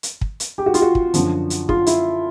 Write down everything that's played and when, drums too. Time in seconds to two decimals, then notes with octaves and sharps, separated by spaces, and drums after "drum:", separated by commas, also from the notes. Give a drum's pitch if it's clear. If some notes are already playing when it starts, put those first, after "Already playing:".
0.03 drum: hi-hat
0.21 drum: kick
0.40 drum: hi-hat
0.58 G4
0.66 F#4
0.74 F4, drum: hi-hat
0.82 F#4
0.95 drum: kick
1.14 F#2 D3 F3, drum: hi-hat
1.50 drum: hi-hat
1.69 F4, drum: kick
1.86 E4, drum: hi-hat